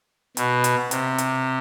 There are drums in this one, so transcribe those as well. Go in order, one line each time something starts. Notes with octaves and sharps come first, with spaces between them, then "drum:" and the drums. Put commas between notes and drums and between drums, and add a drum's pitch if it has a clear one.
B2, drum: hi-hat
drum: hi-hat
C3, drum: hi-hat
drum: hi-hat